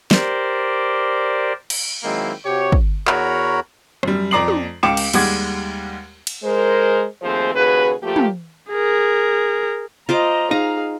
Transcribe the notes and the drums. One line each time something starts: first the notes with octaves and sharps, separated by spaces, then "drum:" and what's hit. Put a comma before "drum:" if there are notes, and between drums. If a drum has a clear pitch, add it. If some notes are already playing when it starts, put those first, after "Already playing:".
G4 A#4 C5 D5, drum: snare
drum: cymbal
D#3 F#3 G#3 A#3 C4 E4
C3 F#4 G4 C#5
drum: kick
E2 F#4 A#4 C#5 A#5 B5, drum: clap
F#2 G3, drum: rim click
F2 D5 A#5 D6 C7 F#7
drum: tom
C#2 F5 G5 D6 C#7 E7
drum: cymbal
D#2 G3 G#3 F#5 D6 G#6, drum: cymbal
drum: cymbal
G#3 A#4 C5
D#2 F3 A3 C4 G#4 C5
D#2 C#3 F#4 G#4 B4
F3 A3 A#3 G4
drum: tom
G#4 A#4
F4 C5 D#5 A#5 D6
D#4 G#4 F5 A#5